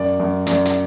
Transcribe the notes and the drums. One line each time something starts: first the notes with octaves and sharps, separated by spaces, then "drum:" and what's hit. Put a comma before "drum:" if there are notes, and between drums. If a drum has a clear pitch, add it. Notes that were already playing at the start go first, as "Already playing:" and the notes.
Already playing: F#2 D5
F#2
F#2 D5, drum: hi-hat
D5, drum: hi-hat